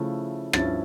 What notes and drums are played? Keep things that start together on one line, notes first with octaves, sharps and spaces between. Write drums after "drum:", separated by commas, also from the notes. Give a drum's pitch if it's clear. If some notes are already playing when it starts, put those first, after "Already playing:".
Already playing: C#3 F3 A3 E4
G2 F3 C#4 E4 A6, drum: rim click